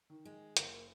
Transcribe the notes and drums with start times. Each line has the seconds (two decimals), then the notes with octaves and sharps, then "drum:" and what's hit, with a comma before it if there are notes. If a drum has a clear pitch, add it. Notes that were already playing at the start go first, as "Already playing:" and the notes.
0.10 D#3
0.25 G#3
0.57 F#1 A#3, drum: hi-hat